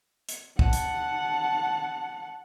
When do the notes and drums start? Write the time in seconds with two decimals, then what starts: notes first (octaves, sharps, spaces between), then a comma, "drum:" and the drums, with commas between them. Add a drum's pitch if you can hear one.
0.29 drum: hi-hat
0.59 F#5 A5, drum: kick
0.73 drum: hi-hat